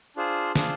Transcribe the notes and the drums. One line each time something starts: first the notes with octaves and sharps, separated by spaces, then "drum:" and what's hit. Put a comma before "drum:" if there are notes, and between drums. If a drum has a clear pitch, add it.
D4 F4 G#4 C5
D4 F4 G#4 C5, drum: snare